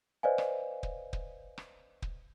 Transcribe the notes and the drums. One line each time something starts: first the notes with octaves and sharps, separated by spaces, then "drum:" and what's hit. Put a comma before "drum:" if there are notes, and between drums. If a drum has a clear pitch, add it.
B4 C5 D5 D#5 F5 G#5
drum: rim click
drum: kick
drum: kick
drum: rim click
drum: kick